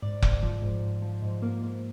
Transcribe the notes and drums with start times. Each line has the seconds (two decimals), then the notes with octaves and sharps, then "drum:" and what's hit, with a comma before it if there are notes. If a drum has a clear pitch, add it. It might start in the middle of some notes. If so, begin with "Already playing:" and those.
0.02 G#2 D5
0.22 G#2, drum: kick F1
0.43 F3
0.62 G#2
0.83 G#2
1.02 F3
1.22 G#2
1.42 A#3
1.62 G#2